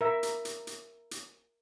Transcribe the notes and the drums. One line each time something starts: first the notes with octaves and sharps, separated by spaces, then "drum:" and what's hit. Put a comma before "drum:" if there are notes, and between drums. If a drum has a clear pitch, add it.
A#4 E5
drum: hi-hat
drum: hi-hat
drum: hi-hat
drum: hi-hat